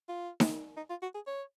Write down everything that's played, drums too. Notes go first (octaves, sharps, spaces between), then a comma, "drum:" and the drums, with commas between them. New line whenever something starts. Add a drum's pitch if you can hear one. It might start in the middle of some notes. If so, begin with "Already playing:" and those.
F4
drum: snare D#4
D#4
F4
F#4
G#4
C#5